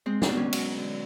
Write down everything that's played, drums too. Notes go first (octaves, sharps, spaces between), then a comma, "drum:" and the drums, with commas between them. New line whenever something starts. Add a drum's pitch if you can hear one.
G#3 C4
D4, drum: snare
B2
C#4
F#3, drum: cymbal
D3